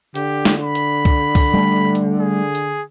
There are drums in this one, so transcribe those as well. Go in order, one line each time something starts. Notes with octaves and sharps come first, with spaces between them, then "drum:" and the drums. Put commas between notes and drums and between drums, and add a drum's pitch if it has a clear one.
D3 G4, drum: hi-hat
drum: snare
B5
drum: hi-hat
drum: kick C2, hi-hat
drum: kick C2, open hi-hat
G3 A3
drum: hi-hat
G#4
drum: hi-hat